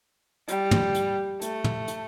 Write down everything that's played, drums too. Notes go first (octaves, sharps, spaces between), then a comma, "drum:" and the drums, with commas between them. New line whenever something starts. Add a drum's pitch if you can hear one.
G3, drum: hi-hat
drum: tom
drum: hi-hat
A3, drum: hi-hat
drum: tom
drum: hi-hat